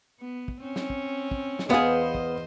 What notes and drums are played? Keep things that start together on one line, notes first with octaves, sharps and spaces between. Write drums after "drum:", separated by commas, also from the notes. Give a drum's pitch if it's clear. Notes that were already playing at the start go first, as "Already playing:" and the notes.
B3
drum: kick
C4 C#4
drum: snare
drum: kick
drum: kick
drum: snare
E2 B3 G#4 B4 C5 D#5 F5 D#6
drum: kick